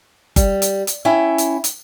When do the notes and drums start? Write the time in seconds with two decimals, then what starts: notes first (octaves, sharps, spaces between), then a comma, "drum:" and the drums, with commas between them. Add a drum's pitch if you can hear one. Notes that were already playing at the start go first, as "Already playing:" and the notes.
0.36 G3, drum: kick G1, hi-hat
0.62 drum: hi-hat
0.87 drum: hi-hat
1.05 C#4 E4 G5
1.38 drum: hi-hat
1.64 drum: hi-hat